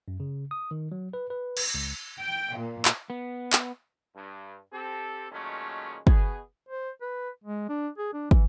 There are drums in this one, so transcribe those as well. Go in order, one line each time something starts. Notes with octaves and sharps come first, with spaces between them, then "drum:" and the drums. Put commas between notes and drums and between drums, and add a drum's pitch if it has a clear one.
F#2
C#3
D#6
D#3
F#3
B4
B4
drum: cymbal
C#2
G5
A#2
drum: clap
B3
drum: clap
G2
C4 G4 A4
A#2 D#3 F#3 G#3 A3 C#4
B2 B3 G#4, drum: kick
C5
B4
G#3
D4
G#4
D4
E3, drum: kick